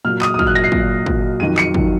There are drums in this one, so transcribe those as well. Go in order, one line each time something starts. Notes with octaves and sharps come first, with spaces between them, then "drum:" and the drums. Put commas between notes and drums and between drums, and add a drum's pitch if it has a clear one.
A#2 F#3 F6
D#6, drum: clap
D#6
A#2 F#3 F6, drum: kick
F#6
A#6
C7
A#2 F#3, drum: kick
A#2 F#3, drum: kick
F2 D#3 F#3 D#7
C#7, drum: clap
F2 D#3 F#3, drum: kick